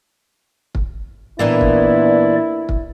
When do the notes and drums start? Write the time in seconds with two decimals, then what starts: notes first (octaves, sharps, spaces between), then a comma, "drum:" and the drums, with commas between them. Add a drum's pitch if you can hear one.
0.75 drum: kick
1.39 A#2 E3 A#3 B3 D4 E4 D5
1.61 drum: kick
2.69 drum: kick